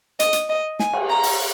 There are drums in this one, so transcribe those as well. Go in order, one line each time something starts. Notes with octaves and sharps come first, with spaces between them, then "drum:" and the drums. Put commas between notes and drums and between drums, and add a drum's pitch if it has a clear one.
D#5, drum: hi-hat
drum: hi-hat
D#5
G#5, drum: snare
drum: cymbal
A#5
drum: open hi-hat